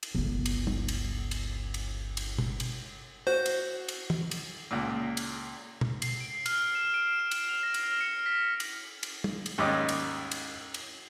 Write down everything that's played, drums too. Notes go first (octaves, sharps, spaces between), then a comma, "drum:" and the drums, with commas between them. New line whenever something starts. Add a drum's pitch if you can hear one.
drum: cymbal
G1 C#2
drum: cymbal
drum: tom
drum: cymbal
drum: cymbal
drum: cymbal
drum: cymbal
drum: tom
drum: cymbal
F#4 C5
drum: cymbal
drum: cymbal
drum: tom
drum: cymbal
C#2 A#2
drum: cymbal
drum: tom
C7, drum: cymbal
D7
F6, drum: cymbal
E7
D7
E7
drum: cymbal
F7
A#6
drum: cymbal
F6
C#7
B6
drum: cymbal
drum: cymbal
drum: tom
drum: cymbal
D#2 G#2 G3 C#4 D#5 D6
drum: cymbal
drum: cymbal
drum: cymbal